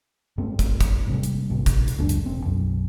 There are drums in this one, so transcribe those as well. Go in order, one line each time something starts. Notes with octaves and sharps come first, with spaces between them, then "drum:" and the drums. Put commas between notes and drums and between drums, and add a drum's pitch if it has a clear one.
G2 G#3 A3 C4
drum: kick, hi-hat
drum: kick, hi-hat
G#2 C3 G3
drum: hi-hat
A#1 G#2 C3
drum: kick, hi-hat
drum: hi-hat
C#2 F#2 G#3 D4
drum: hi-hat
E1 C4
B1 F#2